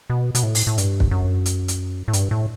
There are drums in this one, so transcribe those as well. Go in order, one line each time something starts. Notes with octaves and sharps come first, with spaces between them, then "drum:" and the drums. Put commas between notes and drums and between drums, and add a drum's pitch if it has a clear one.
B2
B2, drum: hi-hat
A2
drum: open hi-hat
A2
G2, drum: hi-hat
drum: kick
F#2
drum: hi-hat
drum: hi-hat
A2
G2, drum: hi-hat
A2